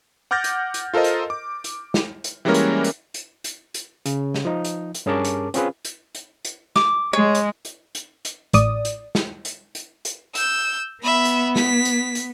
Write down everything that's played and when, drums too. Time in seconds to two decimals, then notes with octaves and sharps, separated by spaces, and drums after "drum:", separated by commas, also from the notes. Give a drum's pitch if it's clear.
0.31 F#5 D6 F6 G6 A6 A#6
0.44 drum: hi-hat
0.74 drum: hi-hat
0.94 F4 A4 A#4 C5 D#5
1.04 drum: hi-hat
1.30 D6
1.64 drum: hi-hat
1.94 drum: snare
2.24 drum: hi-hat
2.45 E3 G3 G#3 A#3 C#4 A#4
2.54 drum: hi-hat
2.84 drum: hi-hat
3.14 drum: hi-hat
3.44 drum: hi-hat
3.74 drum: hi-hat
4.06 C#3, drum: hi-hat
4.34 drum: snare
4.45 F3 D#4
4.64 drum: hi-hat
4.94 drum: hi-hat
5.06 G2 C#4 G#4 A#4 A5 D6
5.24 drum: hi-hat
5.54 C4 C#4 F4 G#4 B4, drum: hi-hat
5.85 drum: hi-hat
6.15 drum: hi-hat
6.45 drum: hi-hat
6.76 D6, drum: snare
7.13 G#3 C#5
7.35 drum: hi-hat
7.65 drum: hi-hat
7.95 drum: hi-hat
8.25 drum: hi-hat
8.53 A1 A2 D5 D#6, drum: hi-hat
8.85 drum: hi-hat
9.15 drum: snare
9.45 drum: hi-hat
9.75 drum: hi-hat
10.05 drum: hi-hat
10.35 E6 G6, drum: hi-hat
11.03 B3 E5 B5
11.25 drum: hi-hat
11.56 B6, drum: snare
11.85 drum: hi-hat
12.15 drum: hi-hat